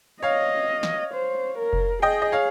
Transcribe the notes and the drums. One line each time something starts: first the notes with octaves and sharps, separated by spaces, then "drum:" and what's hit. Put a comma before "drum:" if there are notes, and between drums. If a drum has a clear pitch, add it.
C#5 D#5 F5
drum: snare
C5
A#4
drum: kick F1
G#4 D#5 G5
D#5
C#5 F5